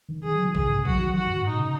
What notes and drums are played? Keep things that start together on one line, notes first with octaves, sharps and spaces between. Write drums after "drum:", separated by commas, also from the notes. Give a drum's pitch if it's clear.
D#3
D#3 G#4
F#3
D#3
C#3 G#4, drum: kick A#1
G#2
C#3
F#3 F#4, drum: kick A#1
D#3
F#3
D#3 F#4
F#2
G#2
A#2 D#4
C#3